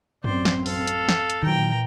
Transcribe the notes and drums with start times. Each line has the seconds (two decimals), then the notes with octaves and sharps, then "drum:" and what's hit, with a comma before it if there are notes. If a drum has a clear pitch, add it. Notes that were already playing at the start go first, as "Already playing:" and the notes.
0.24 A1 F#2 C4 C5 D5, drum: tom F#2
0.45 drum: snare
0.66 A4 F5, drum: open hi-hat
0.87 drum: hi-hat
1.09 drum: snare
1.30 drum: hi-hat
1.43 A#2 D#3 E3 F#3 G5 A#5